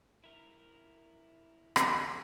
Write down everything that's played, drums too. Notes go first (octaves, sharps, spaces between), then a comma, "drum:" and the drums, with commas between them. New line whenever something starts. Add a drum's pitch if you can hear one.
E4 A#4
drum: rim click